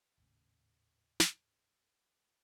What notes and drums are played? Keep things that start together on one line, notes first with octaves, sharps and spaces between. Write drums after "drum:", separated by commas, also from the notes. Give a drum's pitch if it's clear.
G#1 D#2 A2 C#3
drum: snare